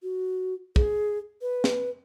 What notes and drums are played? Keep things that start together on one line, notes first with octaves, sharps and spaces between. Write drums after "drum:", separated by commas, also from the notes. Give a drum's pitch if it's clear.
F#4
G#4, drum: kick
B4
drum: snare